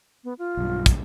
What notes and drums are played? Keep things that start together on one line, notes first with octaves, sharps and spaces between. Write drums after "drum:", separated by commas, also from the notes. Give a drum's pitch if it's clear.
B3
F4
B1 G2
drum: kick, hi-hat